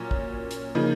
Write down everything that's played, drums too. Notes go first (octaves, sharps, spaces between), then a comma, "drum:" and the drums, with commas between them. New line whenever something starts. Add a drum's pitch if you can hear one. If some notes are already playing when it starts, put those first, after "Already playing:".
Already playing: A#2 F#3 A#3 C#4
drum: kick
drum: hi-hat
C#3 F3 A#3 D#4